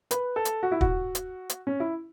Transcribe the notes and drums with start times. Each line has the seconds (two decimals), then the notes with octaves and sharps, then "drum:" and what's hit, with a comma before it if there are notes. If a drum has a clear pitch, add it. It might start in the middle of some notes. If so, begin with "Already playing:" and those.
0.11 B4, drum: hi-hat
0.36 A4
0.45 drum: hi-hat
0.63 F#4
0.72 E4
0.81 F#4, drum: kick
1.15 drum: hi-hat
1.49 drum: hi-hat
1.67 C#4
1.80 E4